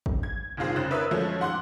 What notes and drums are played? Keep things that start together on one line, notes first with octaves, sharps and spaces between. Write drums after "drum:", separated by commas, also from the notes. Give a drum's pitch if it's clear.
drum: kick G#1
G#6
F1 G2 D#3 F4 G#4 C5
C#3 C5 F#6 A6
A#4 B4 C#5 E5 D#6 E6
F3 F#3 G#3 A3 C#4
F#5 C6 D6 F#6